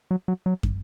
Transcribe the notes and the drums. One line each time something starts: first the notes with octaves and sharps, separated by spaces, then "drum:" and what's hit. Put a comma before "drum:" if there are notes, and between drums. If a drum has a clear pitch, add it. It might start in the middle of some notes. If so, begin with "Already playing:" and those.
F#3
F#3
F#3
drum: kick